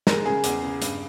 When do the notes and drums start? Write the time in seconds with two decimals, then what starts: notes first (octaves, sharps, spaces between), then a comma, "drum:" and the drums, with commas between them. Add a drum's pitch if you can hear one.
0.07 G#3 A#4, drum: snare
0.26 C#3 G#4
0.44 E2, drum: hi-hat
0.63 C#3
0.82 G2, drum: hi-hat